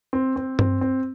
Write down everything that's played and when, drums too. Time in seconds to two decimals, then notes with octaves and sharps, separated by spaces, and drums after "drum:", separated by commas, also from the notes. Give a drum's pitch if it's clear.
0.13 C4
0.36 C4
0.59 C4, drum: tom G2
0.81 C4